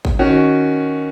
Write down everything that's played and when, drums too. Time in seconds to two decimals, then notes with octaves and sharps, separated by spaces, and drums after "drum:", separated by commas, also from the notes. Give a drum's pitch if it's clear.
0.05 drum: kick G#1
0.19 D#3 C#4 F#4